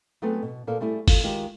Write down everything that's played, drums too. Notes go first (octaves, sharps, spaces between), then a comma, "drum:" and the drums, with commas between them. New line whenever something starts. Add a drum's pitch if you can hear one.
F#3 A3 B3 C4 G#4 A4
B2
A#2 A#3 B3 A4
G3 A3 E4 G#4
F4 A4, drum: kick G1, open hi-hat
D#3 G#3 F4 G4